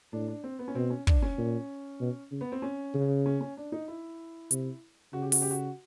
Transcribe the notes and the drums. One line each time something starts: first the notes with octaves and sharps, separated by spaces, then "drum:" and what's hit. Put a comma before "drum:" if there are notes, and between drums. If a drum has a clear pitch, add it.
A2 D4
D4
C4
B3
C#4
B2 C4
C#4
D4, drum: kick
C#4
A#2
B2
C#3
B3
C4
C#4
C#3
C#4
C#4
D4
D#4
E4
C3, drum: hi-hat
C#3 F#4
G4
F#4, drum: open hi-hat
G4
F#4